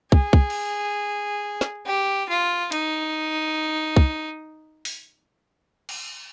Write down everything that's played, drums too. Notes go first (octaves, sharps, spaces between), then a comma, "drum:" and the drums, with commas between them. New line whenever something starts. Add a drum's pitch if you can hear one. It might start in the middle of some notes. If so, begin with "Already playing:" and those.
G#4, drum: kick
drum: kick
drum: cymbal
drum: snare
G4
F4
D#4, drum: hi-hat
drum: kick
drum: open hi-hat
drum: cymbal